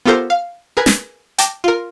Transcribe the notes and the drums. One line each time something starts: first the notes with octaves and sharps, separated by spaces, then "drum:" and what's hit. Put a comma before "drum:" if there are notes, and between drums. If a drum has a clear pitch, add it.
B3 F4 G4 A4 A#4 C5
F5
G#4 A#4 B4 G#5
drum: snare
G5 A5 D6 A#6, drum: hi-hat
F4 A#4